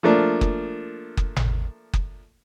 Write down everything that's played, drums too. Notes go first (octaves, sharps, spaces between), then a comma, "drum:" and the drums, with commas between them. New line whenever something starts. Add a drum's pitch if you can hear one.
F3 A3 A#3 D4
drum: kick F#1
drum: kick F#1
drum: tom G#1
drum: kick F#1